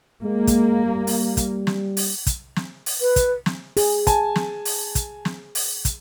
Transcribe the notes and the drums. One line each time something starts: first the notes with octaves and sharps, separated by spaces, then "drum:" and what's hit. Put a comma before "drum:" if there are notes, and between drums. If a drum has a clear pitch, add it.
G#3 A#3
drum: kick, hi-hat
G3
drum: open hi-hat
drum: kick, hi-hat
drum: snare
drum: open hi-hat
drum: kick, hi-hat
drum: snare
drum: open hi-hat
B4
drum: kick, hi-hat
drum: snare
G#4, drum: open hi-hat
G#5 A5, drum: kick, hi-hat
drum: snare
drum: open hi-hat
drum: kick, hi-hat
drum: snare
drum: open hi-hat
drum: kick, hi-hat